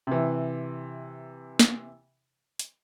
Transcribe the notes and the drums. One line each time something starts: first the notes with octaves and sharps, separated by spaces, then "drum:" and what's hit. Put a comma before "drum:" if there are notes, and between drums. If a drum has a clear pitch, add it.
C3 E3
drum: snare
drum: hi-hat